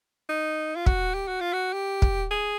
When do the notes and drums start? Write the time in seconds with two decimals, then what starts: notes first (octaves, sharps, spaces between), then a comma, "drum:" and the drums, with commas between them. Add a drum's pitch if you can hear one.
0.29 D#4
0.76 F4
0.86 F#4, drum: kick
1.15 G4
1.28 F#4
1.41 F4
1.53 F#4
1.73 G4
2.02 drum: kick
2.31 G#4